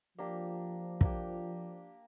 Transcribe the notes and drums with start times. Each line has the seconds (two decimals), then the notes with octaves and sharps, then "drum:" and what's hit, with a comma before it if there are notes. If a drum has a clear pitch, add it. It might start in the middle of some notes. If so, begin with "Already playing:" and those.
0.18 F3 A#3 D4 G4
1.01 A#3 D4 G4, drum: kick